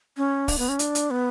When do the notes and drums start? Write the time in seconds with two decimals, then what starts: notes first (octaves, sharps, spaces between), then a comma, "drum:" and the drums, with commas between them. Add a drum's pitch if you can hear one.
0.17 C#4
0.48 D4, drum: kick, open hi-hat
0.58 B3
0.69 C#4
0.79 D4, drum: hi-hat
0.95 drum: hi-hat
1.11 B3